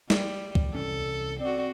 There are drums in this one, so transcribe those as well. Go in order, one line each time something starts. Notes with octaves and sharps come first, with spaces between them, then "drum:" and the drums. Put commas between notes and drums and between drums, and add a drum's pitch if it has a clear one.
G3, drum: snare
drum: kick C2
C2 E3 C#4 A4
C4 F#4 D5